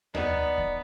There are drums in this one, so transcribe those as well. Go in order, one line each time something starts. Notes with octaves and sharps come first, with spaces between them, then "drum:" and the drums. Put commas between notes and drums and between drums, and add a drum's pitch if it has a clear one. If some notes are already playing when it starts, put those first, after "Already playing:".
B3 D#4 D5, drum: tom D#2
drum: kick D#2